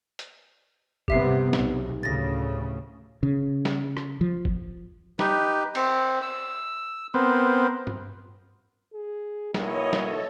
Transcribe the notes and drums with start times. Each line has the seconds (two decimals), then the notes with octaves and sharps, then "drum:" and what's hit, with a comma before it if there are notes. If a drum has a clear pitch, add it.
0.19 drum: hi-hat
1.08 G2 C3 B3 G4 E5 C7, drum: kick
1.53 B1, drum: snare
2.03 D2 A2 C#3 A6 A#6
3.23 C#3
3.65 drum: snare
3.97 drum: rim click
4.21 F3
4.45 drum: kick
5.19 D#4 G4 B4, drum: snare
5.75 C4, drum: cymbal
6.22 E6
7.14 B3 C4 A#4
7.87 drum: tom G2
8.93 G#4
9.54 B1 A#3 E4 C#5 D#5, drum: snare
9.93 A4, drum: snare